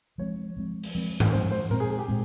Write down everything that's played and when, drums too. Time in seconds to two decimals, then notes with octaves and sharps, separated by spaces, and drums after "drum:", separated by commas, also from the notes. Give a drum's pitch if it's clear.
0.18 F3 G#3 C4 C#5
0.57 F3 G#3 C4
0.83 drum: open hi-hat
0.95 F3 G#3 C4
1.20 drum: tom G2
1.32 F3 G#3 C4 C5
1.51 C5
1.70 A#2 G#3 C4 A#4
1.80 G#4
1.90 G#4
1.98 G4
2.08 A#2 G#3 C4